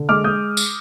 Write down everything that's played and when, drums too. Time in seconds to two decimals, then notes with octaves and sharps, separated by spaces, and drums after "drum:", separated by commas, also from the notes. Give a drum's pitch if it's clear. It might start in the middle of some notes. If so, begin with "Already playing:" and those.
Already playing: D3
0.09 G#3 D6 F6
0.24 G#3 D#6 G6
0.57 drum: tambourine